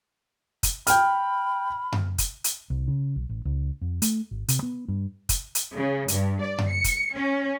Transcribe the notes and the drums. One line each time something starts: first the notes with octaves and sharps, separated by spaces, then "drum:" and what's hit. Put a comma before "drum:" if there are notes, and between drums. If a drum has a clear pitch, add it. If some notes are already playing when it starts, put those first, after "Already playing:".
drum: kick, hi-hat
G5 B5 F6, drum: hi-hat
drum: tom F#2
drum: kick, hi-hat
drum: hi-hat
C2
C#3
B1
A1
C#2
F2
A3, drum: hi-hat
G#1
C3, drum: hi-hat
B3
G2
drum: kick, hi-hat
drum: hi-hat
C#3
G2, drum: hi-hat
D5
drum: tom F#2
C#7
drum: kick, hi-hat
C#4